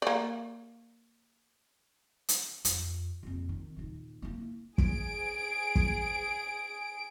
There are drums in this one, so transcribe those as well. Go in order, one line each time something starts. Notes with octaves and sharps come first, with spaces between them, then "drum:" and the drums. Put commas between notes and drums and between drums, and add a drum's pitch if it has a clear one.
A#3 D5
drum: hi-hat
F2, drum: hi-hat
A#1 F2
D#3
D#2 A#2
A#3 E4
G#4 D7, drum: kick
drum: kick